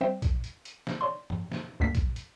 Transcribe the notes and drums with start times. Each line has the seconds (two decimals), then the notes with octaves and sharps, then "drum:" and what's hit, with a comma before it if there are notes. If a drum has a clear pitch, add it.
0.01 G3 C4 C5 E5 G5
0.22 drum: kick, hi-hat
0.44 drum: hi-hat
0.65 drum: hi-hat
0.87 drum: snare
1.01 C#5 D5 C6
1.30 drum: tom
1.52 drum: snare
1.80 D2 G2 A3 A#3 B6
1.95 drum: kick, hi-hat
2.16 drum: hi-hat